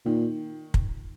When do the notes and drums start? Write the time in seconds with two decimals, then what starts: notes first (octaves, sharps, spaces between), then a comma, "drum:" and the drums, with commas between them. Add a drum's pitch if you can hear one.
0.05 A#2 D#3
0.74 drum: kick